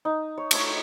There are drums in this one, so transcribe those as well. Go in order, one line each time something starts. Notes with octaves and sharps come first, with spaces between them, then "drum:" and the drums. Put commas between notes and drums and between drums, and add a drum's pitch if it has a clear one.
D#4
C#5
A3 C#5, drum: cymbal